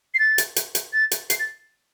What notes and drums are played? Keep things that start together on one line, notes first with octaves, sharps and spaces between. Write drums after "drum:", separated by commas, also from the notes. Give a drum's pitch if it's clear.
C7
A6
drum: hi-hat
drum: hi-hat
drum: hi-hat
A6
drum: hi-hat
C7, drum: hi-hat
A6